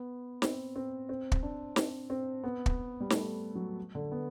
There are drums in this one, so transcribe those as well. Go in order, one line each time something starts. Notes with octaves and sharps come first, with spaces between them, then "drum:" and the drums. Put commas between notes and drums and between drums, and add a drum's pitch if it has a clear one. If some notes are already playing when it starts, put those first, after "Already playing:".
Already playing: B3
C4, drum: snare
C4
C4
drum: kick
D4
C4, drum: snare
C4
B3
drum: kick
G3
A3, drum: snare
F#3
D3
B3